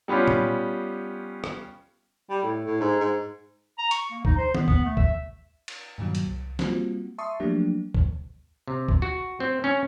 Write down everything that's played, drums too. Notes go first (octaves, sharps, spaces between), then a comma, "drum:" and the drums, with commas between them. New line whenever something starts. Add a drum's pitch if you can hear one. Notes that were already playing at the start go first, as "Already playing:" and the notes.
G3 B3 C#4 F4 G4
drum: tom A#2
drum: rim click
G3
A2
A2
G#2
G#2
A#5
C#6, drum: hi-hat
A#3
D#4, drum: kick
C5
B3, drum: tom D#3
B3, drum: kick
A3
E5, drum: kick
drum: cymbal
G2 A#2 D#3 F#3
drum: hi-hat
C2
G3 A#3 C4 F4 F#4, drum: snare
E5 A5 C6 C#6 D#6
F3 F#3 A3 A#3 D4 G4
drum: kick
C3
drum: kick
F#4
C4
C#4